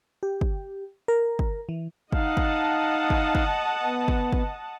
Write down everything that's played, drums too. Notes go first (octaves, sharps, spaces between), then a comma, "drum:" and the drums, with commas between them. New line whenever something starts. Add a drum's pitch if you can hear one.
G4
drum: kick
A#4
drum: kick
E3
D#4 D#5 F5 F#5 A5, drum: kick
drum: kick
drum: kick
drum: kick
B3
drum: kick
drum: kick